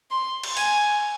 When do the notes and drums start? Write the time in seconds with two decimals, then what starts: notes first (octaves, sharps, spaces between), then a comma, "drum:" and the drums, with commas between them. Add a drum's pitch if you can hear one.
0.11 C6
0.43 drum: cymbal
0.57 G#5, drum: open hi-hat